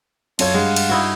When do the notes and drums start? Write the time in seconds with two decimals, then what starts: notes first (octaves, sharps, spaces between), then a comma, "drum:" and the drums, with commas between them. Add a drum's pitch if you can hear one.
0.39 F#2 F4 A4 C#5 G#6, drum: cymbal
0.54 G2 G#3 F5 F#5
0.76 drum: cymbal
0.89 D#4 E4 F#4